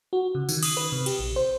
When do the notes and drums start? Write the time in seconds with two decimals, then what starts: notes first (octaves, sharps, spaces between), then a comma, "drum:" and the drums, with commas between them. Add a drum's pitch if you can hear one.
0.13 F#4
0.35 C#3
0.49 D#3, drum: tambourine
0.63 D#6, drum: cymbal
0.77 B4
0.92 C3
1.06 G4, drum: cymbal
1.19 A#1
1.36 C5